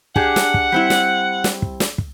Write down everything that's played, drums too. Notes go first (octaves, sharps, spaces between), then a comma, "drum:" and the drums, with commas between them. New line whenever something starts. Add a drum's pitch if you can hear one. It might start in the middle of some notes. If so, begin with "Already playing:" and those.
D4 G4 G#4 F#5, drum: kick
drum: snare
drum: kick
G3 C4 E4
drum: snare
drum: snare
drum: kick
drum: snare
drum: kick